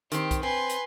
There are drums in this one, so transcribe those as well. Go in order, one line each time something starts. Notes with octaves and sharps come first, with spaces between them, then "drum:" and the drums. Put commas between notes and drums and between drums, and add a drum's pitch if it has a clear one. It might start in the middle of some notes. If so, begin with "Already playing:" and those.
D#3 C4 G4, drum: hi-hat
drum: kick B1, hi-hat
C4 B4 G#5 C6
drum: hi-hat